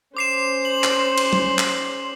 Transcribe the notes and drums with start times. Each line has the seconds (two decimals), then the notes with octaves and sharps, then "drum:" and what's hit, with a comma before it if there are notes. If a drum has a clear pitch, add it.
0.17 C#4 C5 D6 C7 E7
0.65 F#7
0.84 drum: clap
1.18 drum: cymbal
1.33 drum: tom
1.59 drum: clap